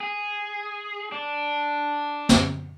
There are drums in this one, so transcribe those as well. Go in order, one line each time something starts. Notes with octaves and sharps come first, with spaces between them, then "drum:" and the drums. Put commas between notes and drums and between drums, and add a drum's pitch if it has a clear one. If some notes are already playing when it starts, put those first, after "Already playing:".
G#4
D4
drum: snare